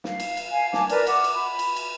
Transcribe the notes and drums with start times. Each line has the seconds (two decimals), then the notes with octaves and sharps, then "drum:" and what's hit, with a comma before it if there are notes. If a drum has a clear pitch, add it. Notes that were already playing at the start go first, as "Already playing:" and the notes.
0.04 F5, drum: snare
0.20 drum: cymbal
0.37 drum: cymbal
0.50 F5 G#5
0.73 G#5 A5 D6, drum: snare
0.89 A#4 B4 D5, drum: cymbal
1.07 F#5 D6, drum: cymbal
1.24 drum: cymbal
1.35 B5
1.59 drum: cymbal
1.76 drum: cymbal